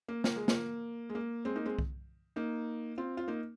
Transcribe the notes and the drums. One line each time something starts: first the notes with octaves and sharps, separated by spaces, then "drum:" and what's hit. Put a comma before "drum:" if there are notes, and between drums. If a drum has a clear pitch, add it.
A#3
A#3, drum: snare
G#3
A#3, drum: snare
G#3
A#3
G#3 C4
A#3 D#4
G#3 C4
drum: kick C2
A#3 D#4
C4 F4
F4
A#3 D#4